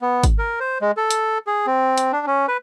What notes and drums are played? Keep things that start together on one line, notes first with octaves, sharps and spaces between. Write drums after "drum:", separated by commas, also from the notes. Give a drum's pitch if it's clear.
B3
drum: kick G#1, hi-hat
A#4
C5
G#3
A4
drum: hi-hat
G#4
C4
drum: hi-hat
D4
C#4
B4